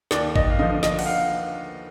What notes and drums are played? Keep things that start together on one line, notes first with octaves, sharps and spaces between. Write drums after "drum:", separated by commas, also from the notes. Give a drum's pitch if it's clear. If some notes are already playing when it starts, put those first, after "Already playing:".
D#2 D5, drum: snare
D#5, drum: kick A1
F5
D3 F3 D#5
D#5, drum: snare
F#5, drum: cymbal
F5